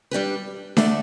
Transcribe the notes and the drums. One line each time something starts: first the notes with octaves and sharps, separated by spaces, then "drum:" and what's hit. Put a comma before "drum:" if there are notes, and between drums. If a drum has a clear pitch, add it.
G3 D4 G4 B4
D3 A3 D4 A4 D5, drum: snare D4